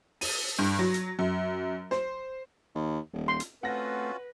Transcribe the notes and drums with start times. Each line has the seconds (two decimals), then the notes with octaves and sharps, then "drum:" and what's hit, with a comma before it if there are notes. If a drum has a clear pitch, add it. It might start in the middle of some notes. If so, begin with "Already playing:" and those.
0.21 D#7, drum: open hi-hat
0.59 G2
0.79 F#3
0.94 drum: hi-hat
1.19 F#2
1.91 C5, drum: snare
2.75 D#2
3.13 D#1
3.28 C6
3.40 drum: hi-hat
3.63 A3 C4 C#4 F4 F#4 B4 F#5 A#6